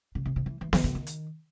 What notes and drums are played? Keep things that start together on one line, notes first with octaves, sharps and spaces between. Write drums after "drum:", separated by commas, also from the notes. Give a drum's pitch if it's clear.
C#3
C3
C3
E3
E3
D#3, drum: snare B3
D3
D#3
drum: hi-hat